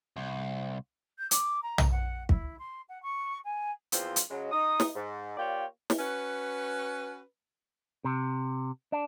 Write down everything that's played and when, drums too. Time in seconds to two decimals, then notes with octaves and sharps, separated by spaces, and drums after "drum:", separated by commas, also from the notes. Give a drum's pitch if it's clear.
0.16 C2
1.18 G6
1.31 D6, drum: hi-hat
1.63 A#5
1.78 drum: tom
1.91 F#5
2.29 E4, drum: kick
2.59 C6
2.89 F#5
3.03 C#6
3.44 G#5
3.92 E2 F3 C4 F4 C5, drum: hi-hat
4.16 drum: hi-hat
4.30 C#3 F#3 G#3
4.52 D#4 D#6
4.80 drum: snare
4.95 G#2
5.37 A#3 F4 G4 C#5 D5 G5
5.90 drum: snare
5.99 C#4 F#4 B4
8.04 C3
8.92 D4